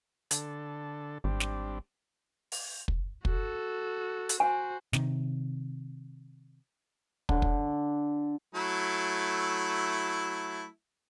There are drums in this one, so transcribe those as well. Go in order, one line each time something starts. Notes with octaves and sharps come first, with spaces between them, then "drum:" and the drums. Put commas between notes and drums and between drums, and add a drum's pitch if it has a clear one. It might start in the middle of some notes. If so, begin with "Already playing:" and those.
D3 A4, drum: hi-hat
G#1 G3 C4 D4
drum: snare
drum: open hi-hat
drum: kick
F#4 A4, drum: kick
drum: hi-hat
F#4 C5 G#5
C3 D#3, drum: snare
D3, drum: kick
drum: kick
F#3 A3 E4